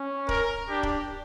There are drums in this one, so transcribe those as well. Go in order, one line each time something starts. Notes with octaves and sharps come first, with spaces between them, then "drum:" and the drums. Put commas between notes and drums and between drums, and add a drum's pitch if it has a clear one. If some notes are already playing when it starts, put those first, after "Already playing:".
Already playing: C#4
A#4, drum: kick D1
D4 G4
drum: kick D1